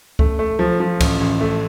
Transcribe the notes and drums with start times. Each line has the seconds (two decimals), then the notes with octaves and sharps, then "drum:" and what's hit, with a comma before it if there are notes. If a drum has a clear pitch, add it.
0.19 A3, drum: kick C#2
0.39 A3
0.59 F3
0.80 F3
1.00 A1, drum: kick C#2, cymbal
1.20 A1
1.41 A3